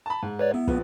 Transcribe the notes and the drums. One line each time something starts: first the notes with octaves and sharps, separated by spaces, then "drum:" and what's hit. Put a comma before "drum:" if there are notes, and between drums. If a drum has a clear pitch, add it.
A5 B5
G#2
B4 C#5 D5
B3 E4
A#1 F3 B4, drum: kick